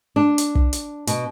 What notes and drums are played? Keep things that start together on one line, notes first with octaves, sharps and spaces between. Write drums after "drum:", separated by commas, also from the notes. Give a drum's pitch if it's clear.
D4
drum: hi-hat
drum: kick
drum: hi-hat
B2, drum: hi-hat